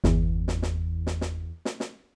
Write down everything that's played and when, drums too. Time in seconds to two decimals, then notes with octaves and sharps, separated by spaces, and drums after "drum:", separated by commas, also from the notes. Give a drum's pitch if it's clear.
0.04 G1 E2, drum: snare
0.48 drum: snare
0.63 drum: snare
1.07 drum: snare
1.21 drum: snare
1.65 drum: snare
1.80 drum: snare